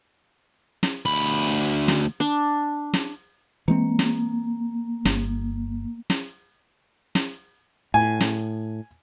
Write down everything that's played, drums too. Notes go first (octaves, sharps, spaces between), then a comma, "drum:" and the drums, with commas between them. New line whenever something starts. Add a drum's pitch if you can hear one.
drum: snare
D2 B5
drum: snare
D4
drum: snare
E3 G#3 A#3 C4
drum: snare
G1, drum: snare
drum: snare
drum: snare
A2 G#5
drum: snare